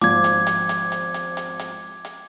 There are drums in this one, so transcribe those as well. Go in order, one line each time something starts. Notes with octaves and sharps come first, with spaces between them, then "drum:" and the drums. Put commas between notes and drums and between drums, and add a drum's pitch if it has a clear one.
G#1 F3 D6 G#6, drum: hi-hat
drum: hi-hat
drum: hi-hat
drum: hi-hat
drum: hi-hat
drum: hi-hat
drum: hi-hat
drum: hi-hat
drum: hi-hat